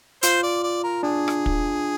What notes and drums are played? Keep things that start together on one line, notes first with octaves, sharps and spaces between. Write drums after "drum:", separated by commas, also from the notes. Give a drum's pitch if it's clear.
F4 C5, drum: hi-hat
D5
D5
A#4
D4 G#4
drum: rim click
drum: kick